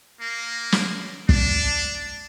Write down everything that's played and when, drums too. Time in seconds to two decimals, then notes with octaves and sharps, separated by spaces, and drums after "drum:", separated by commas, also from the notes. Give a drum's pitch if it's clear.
0.21 A#3
0.72 drum: snare
1.29 D4, drum: kick